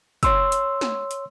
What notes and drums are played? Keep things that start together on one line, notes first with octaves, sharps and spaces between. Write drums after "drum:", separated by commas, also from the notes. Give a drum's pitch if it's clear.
C#5 C6 E6, drum: kick, hi-hat
drum: hi-hat
drum: snare
drum: hi-hat